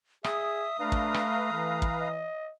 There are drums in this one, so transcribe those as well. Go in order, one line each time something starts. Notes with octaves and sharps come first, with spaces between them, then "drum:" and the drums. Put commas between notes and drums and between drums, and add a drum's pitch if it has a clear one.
G#4 E5 D#6, drum: rim click
A3 D4 B4 F5 A#5
drum: kick
drum: rim click
E3 A3
drum: kick
D#5